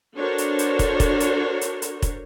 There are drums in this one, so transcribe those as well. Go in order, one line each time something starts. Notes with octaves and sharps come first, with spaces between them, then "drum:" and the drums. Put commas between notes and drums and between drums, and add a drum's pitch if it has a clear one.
D4 F#4 A4 A#4 C5 C#5
drum: hi-hat
drum: hi-hat
drum: kick, hi-hat
drum: kick, hi-hat
drum: hi-hat
drum: hi-hat
drum: hi-hat
drum: kick, hi-hat